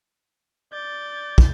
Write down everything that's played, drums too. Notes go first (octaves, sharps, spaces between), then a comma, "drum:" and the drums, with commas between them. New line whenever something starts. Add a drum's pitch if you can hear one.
D5 G6 A6
drum: kick